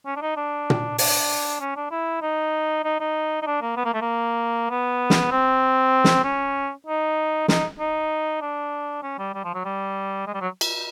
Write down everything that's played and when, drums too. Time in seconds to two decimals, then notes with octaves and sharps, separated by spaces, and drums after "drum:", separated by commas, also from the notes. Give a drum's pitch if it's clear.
0.06 C#4
0.16 D4
0.21 D#4
0.37 D4
0.70 drum: tom A#2
0.98 D4, drum: open hi-hat
1.60 C#4
1.76 D4
1.91 E4
2.22 D#4
2.84 D#4
3.00 D#4
3.42 D#4
3.46 D4
3.61 A#3
3.77 B3
3.85 A#3
3.94 A3
4.01 A#3
4.70 B3
5.10 drum: snare
5.31 C4
6.04 drum: snare
6.24 C#4
6.87 D#4
7.48 D#4, drum: snare
7.79 D#4
8.41 D4
9.03 C#4
9.19 G3
9.34 G3
9.44 F3
9.54 F#3
9.65 G3
10.27 G#3
10.34 G3
10.41 F#3
10.61 drum: cymbal